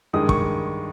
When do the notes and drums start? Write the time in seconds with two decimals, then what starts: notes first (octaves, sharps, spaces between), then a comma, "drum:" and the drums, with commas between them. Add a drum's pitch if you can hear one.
0.13 G2 D#3 G#3 D#6
0.29 C#6, drum: kick